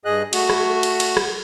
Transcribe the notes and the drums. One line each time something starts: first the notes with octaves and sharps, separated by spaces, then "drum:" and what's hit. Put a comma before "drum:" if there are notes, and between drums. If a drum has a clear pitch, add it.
G2 G#4 D#5 F#6
A3 F#4, drum: cymbal
drum: rim click
drum: cymbal
drum: cymbal
drum: rim click